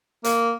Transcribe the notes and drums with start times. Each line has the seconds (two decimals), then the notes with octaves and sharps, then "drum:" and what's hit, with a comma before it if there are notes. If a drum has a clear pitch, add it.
0.24 A#3, drum: hi-hat